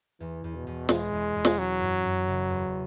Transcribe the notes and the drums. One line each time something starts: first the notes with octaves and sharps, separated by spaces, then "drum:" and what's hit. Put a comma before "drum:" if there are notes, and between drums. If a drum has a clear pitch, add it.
E2 E3
E2
B2
E2
E1 G#3, drum: snare
E2
E2
drum: snare
F#3 C#4
F#2
F#2
F#1
E2